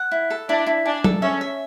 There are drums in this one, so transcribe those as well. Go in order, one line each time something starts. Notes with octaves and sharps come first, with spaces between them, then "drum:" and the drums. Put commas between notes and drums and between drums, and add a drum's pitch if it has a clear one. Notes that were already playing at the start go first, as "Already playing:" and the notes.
Already playing: F#5
E4
A4
D4 E4
E4
D4 G#5
A4, drum: tom F#3
C#4 E5
E5